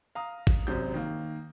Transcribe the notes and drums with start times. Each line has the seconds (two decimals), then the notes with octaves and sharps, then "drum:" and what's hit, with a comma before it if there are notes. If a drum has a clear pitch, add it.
0.15 F5 A#5 D#6
0.47 drum: kick G#1
0.67 G#1 F#2 C3 C4 G6
0.94 D#3 A#3